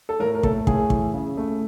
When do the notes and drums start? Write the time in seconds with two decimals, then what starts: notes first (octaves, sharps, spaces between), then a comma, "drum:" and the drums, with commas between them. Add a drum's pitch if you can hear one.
0.09 A4
0.20 A2 A#4
0.35 A#4
0.43 A3 A4, drum: kick
0.67 A2 G#4, drum: kick
0.90 E3, drum: kick
1.13 C#3
1.37 A3